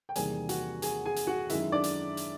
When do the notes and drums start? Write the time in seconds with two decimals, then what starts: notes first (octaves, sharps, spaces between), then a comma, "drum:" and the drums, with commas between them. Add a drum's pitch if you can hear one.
0.09 G5
0.15 E2 C3 D#3 G3 A#3 G#4 G#5, drum: hi-hat
0.49 F#4 F#5, drum: hi-hat
0.82 G#4 G#5, drum: hi-hat
1.06 G#4 G#5
1.16 drum: hi-hat
1.27 F#4 F#5
1.50 F#2 D#3 G#3 E4 E5, drum: hi-hat
1.72 D4 D5
1.84 drum: hi-hat
2.17 drum: hi-hat